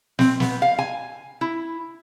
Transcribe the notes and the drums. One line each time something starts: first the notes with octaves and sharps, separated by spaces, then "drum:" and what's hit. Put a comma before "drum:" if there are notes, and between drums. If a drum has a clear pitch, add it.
C4, drum: snare
B3, drum: snare
F5
G#5
E4